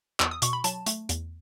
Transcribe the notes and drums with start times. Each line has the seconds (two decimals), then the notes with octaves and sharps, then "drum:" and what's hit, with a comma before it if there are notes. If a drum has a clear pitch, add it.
0.20 E2 E6, drum: clap
0.31 D#6
0.42 B2 C#6, drum: hi-hat
0.53 B5
0.64 F#3 A5, drum: hi-hat
0.86 A3, drum: hi-hat
1.09 E2, drum: hi-hat